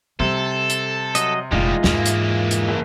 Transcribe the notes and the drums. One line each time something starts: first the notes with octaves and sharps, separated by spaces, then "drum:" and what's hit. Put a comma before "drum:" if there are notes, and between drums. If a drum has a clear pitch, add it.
C3 G3 A4
drum: hi-hat
F#3 D#5, drum: hi-hat
F1 E2 A#2 G3 G#3 D#4 F4
E2 G#2 E3 A#3, drum: snare
drum: hi-hat
drum: hi-hat
F#1